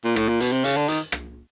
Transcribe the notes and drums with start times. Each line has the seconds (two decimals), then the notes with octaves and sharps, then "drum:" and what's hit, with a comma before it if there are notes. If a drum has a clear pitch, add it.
0.04 A#2
0.16 A2, drum: rim click
0.28 A#2
0.40 B2, drum: hi-hat
0.52 C3
0.64 C#3, drum: hi-hat
0.76 D3
0.88 D#3, drum: hi-hat
1.12 drum: rim click